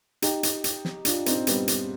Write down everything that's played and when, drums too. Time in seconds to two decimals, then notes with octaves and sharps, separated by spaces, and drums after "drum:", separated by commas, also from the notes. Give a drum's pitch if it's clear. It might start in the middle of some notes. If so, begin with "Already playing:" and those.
0.22 D#4 G4, drum: hi-hat
0.43 drum: hi-hat
0.64 drum: hi-hat
0.85 drum: snare
1.05 D4 F4, drum: hi-hat
1.26 C4 D#4, drum: hi-hat
1.47 G3 B3, drum: hi-hat
1.68 drum: hi-hat